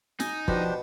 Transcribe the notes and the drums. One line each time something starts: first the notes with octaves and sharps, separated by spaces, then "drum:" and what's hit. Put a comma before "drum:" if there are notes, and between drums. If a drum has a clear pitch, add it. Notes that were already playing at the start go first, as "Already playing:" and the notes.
D#4 G#5, drum: snare
B2 F3 D4 G4 C5, drum: kick